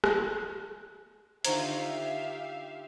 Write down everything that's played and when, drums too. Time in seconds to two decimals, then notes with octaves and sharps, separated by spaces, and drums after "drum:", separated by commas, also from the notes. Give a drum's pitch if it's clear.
0.04 drum: rim click
1.45 D3 D#4 F4 G4 C5 E5 F5 A#5, drum: hi-hat